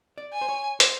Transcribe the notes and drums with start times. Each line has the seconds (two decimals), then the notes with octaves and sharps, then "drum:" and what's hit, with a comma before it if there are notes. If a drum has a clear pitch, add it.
0.18 D5
0.33 G#5
0.41 C5
0.49 C#5
0.80 C5, drum: hi-hat